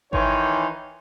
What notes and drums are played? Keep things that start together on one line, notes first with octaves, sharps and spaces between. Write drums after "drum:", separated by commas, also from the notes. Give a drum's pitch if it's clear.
D#3 E3 C5 C#5, drum: kick G#1